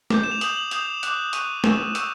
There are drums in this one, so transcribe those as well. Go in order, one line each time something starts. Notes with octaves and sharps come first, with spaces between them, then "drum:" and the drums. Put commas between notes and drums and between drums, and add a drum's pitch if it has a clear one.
D6 G6, drum: snare
E7
F7
D#6 G6 F#7, drum: hi-hat
F#7
D#6 G6 F7, drum: hi-hat
D6 F#6, drum: hi-hat
C#6 F#6 D#7, drum: hi-hat
C#6 E6 G6 E7, drum: snare
E7
C#6 E6 G6 F7, drum: hi-hat